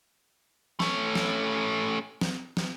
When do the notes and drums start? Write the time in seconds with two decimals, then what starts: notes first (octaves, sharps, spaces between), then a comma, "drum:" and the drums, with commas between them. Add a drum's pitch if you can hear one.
0.80 A3 C#4, drum: snare
1.15 drum: snare
2.21 drum: snare
2.57 drum: snare